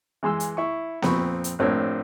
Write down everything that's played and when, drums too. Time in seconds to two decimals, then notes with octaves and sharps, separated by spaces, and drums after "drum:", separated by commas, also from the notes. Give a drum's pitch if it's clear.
0.23 E3 G#3 C6 E6
0.40 drum: hi-hat
0.57 E4 C#6
1.02 F2 A#2 C4 B5 C#6, drum: snare B3
1.44 drum: hi-hat
1.59 A#1 A2 C4 D4 A#4 C#5